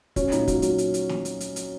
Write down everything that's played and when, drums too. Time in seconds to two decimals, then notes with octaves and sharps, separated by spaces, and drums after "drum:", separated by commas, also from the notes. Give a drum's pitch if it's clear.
0.16 F#3 C#4, drum: kick, hi-hat
0.32 A#2 D#4, drum: hi-hat
0.48 F#3, drum: kick, hi-hat
0.62 F#3, drum: hi-hat
0.78 drum: hi-hat
0.94 drum: hi-hat
1.09 drum: snare
1.25 drum: hi-hat
1.40 drum: hi-hat
1.56 drum: hi-hat